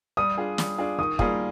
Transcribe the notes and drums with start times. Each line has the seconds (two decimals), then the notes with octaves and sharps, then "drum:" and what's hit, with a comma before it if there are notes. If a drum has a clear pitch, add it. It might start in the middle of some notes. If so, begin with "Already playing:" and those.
0.17 G3 D#6
0.37 D4 F4 G#4
0.58 G3, drum: snare
0.78 D4 F4 G#4
0.98 D#3 D#6
1.19 G3 A#3 F4 G#4 D#6, drum: kick